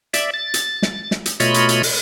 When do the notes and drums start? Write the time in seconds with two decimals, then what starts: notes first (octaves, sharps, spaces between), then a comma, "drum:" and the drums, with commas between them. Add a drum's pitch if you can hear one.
0.14 D5 E5, drum: hi-hat
0.34 A6
0.54 drum: hi-hat
0.82 drum: snare
1.11 drum: snare
1.26 drum: hi-hat
1.40 B2 A3 F4 C#5 D#5 B5, drum: hi-hat
1.54 drum: hi-hat
1.69 drum: hi-hat
1.83 drum: open hi-hat